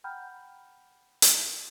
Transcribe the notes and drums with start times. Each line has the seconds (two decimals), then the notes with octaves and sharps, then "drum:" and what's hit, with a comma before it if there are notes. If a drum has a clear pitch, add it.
0.04 F#5 G5 A#5 B5 F6 G6
1.22 drum: hi-hat